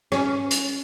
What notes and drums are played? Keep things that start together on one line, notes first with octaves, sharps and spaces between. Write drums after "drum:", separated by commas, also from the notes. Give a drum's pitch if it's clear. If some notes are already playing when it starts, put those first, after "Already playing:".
C#4, drum: rim click
drum: hi-hat